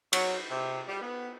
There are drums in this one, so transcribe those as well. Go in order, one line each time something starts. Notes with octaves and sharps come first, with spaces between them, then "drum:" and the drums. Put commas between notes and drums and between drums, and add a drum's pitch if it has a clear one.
F#3, drum: cymbal
C3
G3
B3